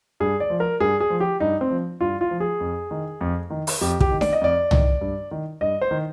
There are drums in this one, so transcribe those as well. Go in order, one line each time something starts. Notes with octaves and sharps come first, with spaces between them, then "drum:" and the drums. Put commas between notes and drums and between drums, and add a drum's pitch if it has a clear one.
G2 G#4
D5
F3
A#4
G2 G#4
G#4
F3
G4
G2 D#4
C4
F3
G2 F4
F4
F3
G#4
F2
D#3
F2
D#3
drum: open hi-hat
F2 G4
G4, drum: kick
D#3
D5, drum: snare D4
D#5
F2 D5
D#3, drum: tom
G2
D#3
G2 D#5
C5
D#3